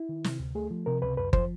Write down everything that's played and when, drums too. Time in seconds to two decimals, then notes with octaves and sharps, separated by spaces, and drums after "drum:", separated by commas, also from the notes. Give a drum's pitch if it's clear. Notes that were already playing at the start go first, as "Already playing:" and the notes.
Already playing: E4
0.09 D#3
0.24 C3, drum: snare
0.40 D2
0.55 A3 G#4
0.71 F3
0.86 C3 A#4
1.02 C#2 B4
1.17 F#2 B4
1.33 F3 C5, drum: kick G1